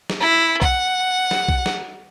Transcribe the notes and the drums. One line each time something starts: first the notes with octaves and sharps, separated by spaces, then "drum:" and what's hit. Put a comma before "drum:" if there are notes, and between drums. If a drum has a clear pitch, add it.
drum: snare
E4
F#5, drum: kick B1
drum: snare
drum: kick B1
drum: snare